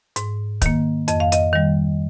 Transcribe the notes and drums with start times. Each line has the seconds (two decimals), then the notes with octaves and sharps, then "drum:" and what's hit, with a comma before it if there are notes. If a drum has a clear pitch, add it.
0.16 G#2, drum: hi-hat
0.62 D#3 A#3, drum: kick, hi-hat
1.08 F2 D#5, drum: hi-hat
1.20 F5
1.32 D#5, drum: hi-hat
1.53 D#3 G3